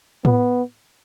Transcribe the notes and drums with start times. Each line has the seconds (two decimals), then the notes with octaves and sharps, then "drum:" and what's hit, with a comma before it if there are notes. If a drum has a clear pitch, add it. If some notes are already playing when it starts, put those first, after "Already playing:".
0.25 B3, drum: tom A2